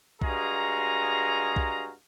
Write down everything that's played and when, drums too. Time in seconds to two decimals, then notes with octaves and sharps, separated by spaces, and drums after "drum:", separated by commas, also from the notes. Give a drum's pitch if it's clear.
0.22 G2 G#3 F#4 G#4 F5 A#5, drum: kick B1
1.56 drum: kick B1